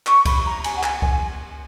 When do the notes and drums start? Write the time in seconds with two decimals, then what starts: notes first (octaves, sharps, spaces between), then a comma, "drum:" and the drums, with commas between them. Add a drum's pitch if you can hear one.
0.07 C#6, drum: clap
0.25 B5, drum: kick C2, cymbal
0.45 A#5
0.64 G#5, drum: cymbal
0.76 F#5
0.83 G#5, drum: clap
1.02 G#5, drum: kick C2